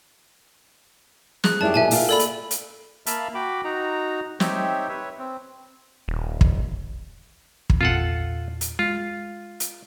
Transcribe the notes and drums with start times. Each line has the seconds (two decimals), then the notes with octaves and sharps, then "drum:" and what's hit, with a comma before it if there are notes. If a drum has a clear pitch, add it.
1.44 G#4 F#6, drum: snare
1.61 F#2 E4 G4 D5 A5
1.74 B2 D#3 E4 E5 G#5 A5
1.91 A#3 F4 G5, drum: open hi-hat
2.09 A4 D5 B5
2.19 drum: hi-hat
2.51 drum: hi-hat
3.06 A#3 E5 F5 A5 B5, drum: hi-hat
3.35 F#4 G5 B5 D6
3.64 D#4 F#4 A#5
4.40 C4 D#4 G4 C#5 E5 G5, drum: snare
4.89 B4 C#5 E5
5.18 C4
6.08 D#1
6.41 drum: kick
7.70 drum: kick
7.81 E2 A#2 C4 F4 A4 F#5
8.61 drum: hi-hat
8.79 G#3 F4
9.60 drum: hi-hat